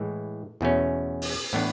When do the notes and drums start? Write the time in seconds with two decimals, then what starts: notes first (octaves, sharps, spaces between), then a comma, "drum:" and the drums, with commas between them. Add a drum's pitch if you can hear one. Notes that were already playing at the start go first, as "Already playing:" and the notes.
Already playing: A2 E3 G#3
0.61 E2 B2 A3 C#4
1.22 drum: open hi-hat
1.53 A2 E3 B3 D4